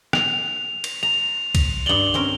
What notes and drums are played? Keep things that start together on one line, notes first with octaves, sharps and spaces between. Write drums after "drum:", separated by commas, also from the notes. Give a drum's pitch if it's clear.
F7, drum: rim click
drum: cymbal
A#5 F7
drum: kick B1, cymbal
G2 D5 F#7 G7
C4 C#4 A#4